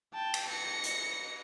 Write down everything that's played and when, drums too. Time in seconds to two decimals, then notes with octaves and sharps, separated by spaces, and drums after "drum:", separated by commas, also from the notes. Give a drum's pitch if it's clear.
0.14 G5 A5
0.34 drum: cymbal
0.49 A#6 C#7
0.84 drum: hi-hat